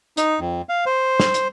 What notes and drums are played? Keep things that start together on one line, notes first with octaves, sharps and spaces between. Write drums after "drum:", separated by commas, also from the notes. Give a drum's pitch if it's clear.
D#4, drum: hi-hat
F2
F5
C5
drum: snare
drum: hi-hat